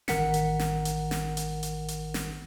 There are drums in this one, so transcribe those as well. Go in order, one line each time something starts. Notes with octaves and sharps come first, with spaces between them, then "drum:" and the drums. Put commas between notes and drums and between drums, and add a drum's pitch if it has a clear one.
A1 D#3 A#4 F#5 B6 C#7, drum: snare
drum: hi-hat
drum: snare
drum: hi-hat
drum: snare
drum: hi-hat
drum: hi-hat
drum: hi-hat
drum: snare